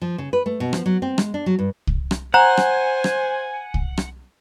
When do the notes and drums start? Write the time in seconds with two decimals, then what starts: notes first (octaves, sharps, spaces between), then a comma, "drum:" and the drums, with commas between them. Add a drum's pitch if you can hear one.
0.02 F3
0.18 C#3
0.33 B4
0.46 A3
0.60 B2
0.73 F3, drum: rim click
0.86 F#3
1.02 C4
1.18 G#3, drum: rim click
1.34 D4
1.46 F#3
1.59 G2
1.87 drum: kick C2
2.11 drum: rim click
2.34 C5 F#5 G#5 A#5
2.57 drum: rim click
3.04 drum: rim click
3.74 drum: kick C2
3.97 drum: rim click